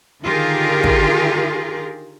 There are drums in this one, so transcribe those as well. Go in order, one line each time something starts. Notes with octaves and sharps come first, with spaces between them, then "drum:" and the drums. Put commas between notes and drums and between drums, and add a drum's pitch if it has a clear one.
D3 D#3 F4 G4 G#4 A#4
drum: kick